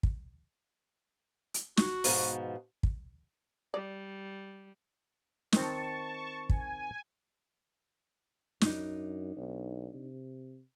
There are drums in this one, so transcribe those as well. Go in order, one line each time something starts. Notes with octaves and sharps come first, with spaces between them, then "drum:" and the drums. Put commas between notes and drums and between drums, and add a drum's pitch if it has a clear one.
drum: kick
drum: hi-hat
F#4, drum: snare
G#2 B2 F3, drum: open hi-hat
drum: kick
G3 D5
D#3 C4 A5 C#6, drum: snare
G#5, drum: kick
F#2 D4 D#4, drum: snare
B1
C3